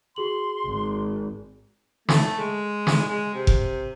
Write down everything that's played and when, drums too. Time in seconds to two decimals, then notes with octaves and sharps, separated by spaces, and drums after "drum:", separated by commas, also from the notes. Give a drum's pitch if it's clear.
0.16 F#4 G#4 C6 F#7
0.65 G#1
2.09 A3, drum: snare
2.39 G#3
2.87 drum: snare
3.08 G#3
3.34 C3
3.47 drum: kick F1